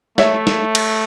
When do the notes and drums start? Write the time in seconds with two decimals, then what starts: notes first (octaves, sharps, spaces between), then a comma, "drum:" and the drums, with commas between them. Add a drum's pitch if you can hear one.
0.18 A3 C#5 E5, drum: snare
0.47 drum: snare
0.75 drum: cymbal